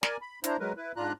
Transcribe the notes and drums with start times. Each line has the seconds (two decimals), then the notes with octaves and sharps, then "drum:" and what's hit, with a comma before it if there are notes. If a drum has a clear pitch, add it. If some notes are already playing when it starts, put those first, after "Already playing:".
0.03 A#4 D5 G#5, drum: snare
0.21 B5
0.44 D4 E4 C5 A#5, drum: hi-hat
0.60 F#3 G#3 A#4 B4
0.77 E4 B4
0.96 G#2 D4 F4 A#5 F#6